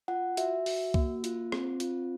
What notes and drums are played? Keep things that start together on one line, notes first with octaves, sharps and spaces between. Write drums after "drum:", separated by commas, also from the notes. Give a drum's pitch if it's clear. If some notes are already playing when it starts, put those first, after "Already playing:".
F4 F#5
F#4 E5, drum: hi-hat
F#4, drum: open hi-hat
A#3, drum: kick C2
F4, drum: hi-hat
C4, drum: rim click
F4, drum: hi-hat